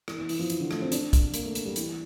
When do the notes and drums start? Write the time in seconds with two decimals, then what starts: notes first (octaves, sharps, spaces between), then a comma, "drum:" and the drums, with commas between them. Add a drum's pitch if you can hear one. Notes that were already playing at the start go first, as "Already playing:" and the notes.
0.08 E3, drum: rim click
0.18 E3
0.29 E3, drum: open hi-hat
0.39 F3
0.50 E3, drum: hi-hat
0.60 D3
0.71 A3, drum: rim click
0.81 C4
0.92 D4, drum: hi-hat
1.13 drum: kick, hi-hat
1.34 A#3, drum: hi-hat
1.45 A3
1.55 drum: hi-hat
1.65 G3
1.76 E3, drum: hi-hat